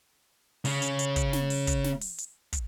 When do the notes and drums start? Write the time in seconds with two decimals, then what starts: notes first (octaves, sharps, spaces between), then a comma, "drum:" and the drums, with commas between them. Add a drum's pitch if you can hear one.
0.65 C#3 C#4, drum: open hi-hat
0.82 drum: hi-hat
0.99 drum: hi-hat
1.16 drum: kick, hi-hat
1.33 drum: snare
1.50 drum: open hi-hat
1.67 drum: kick, hi-hat
1.84 drum: snare
2.01 drum: open hi-hat
2.18 drum: hi-hat
2.53 drum: kick, hi-hat